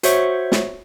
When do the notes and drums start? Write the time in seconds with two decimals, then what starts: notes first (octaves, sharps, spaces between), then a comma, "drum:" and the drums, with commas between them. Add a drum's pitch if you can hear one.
0.03 F#4 C5 C#5 E5 C#6, drum: hi-hat
0.52 drum: snare